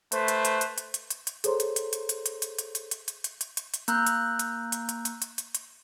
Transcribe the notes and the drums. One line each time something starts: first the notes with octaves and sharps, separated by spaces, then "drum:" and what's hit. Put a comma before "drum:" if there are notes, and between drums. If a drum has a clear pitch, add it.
A3 B4 C5, drum: hi-hat
drum: hi-hat
drum: hi-hat
drum: hi-hat
drum: hi-hat
drum: hi-hat
drum: hi-hat
drum: hi-hat
G#4 A4 C5 C#5 A#5 C6, drum: hi-hat
drum: hi-hat
drum: hi-hat
drum: hi-hat
drum: hi-hat
drum: hi-hat
drum: hi-hat
drum: hi-hat
drum: hi-hat
drum: hi-hat
drum: hi-hat
drum: hi-hat
drum: hi-hat
drum: hi-hat
drum: hi-hat
A#3 A#5 E6 F#6 G6, drum: hi-hat
drum: hi-hat
drum: hi-hat
drum: hi-hat
drum: hi-hat
drum: hi-hat
drum: hi-hat
drum: hi-hat
drum: hi-hat